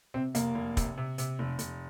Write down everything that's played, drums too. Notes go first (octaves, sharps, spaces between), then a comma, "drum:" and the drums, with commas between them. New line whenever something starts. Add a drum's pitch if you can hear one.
C3 C4
F1 A#3, drum: hi-hat
F1
C3, drum: kick, hi-hat
C3
C3, drum: hi-hat
F1
F1, drum: hi-hat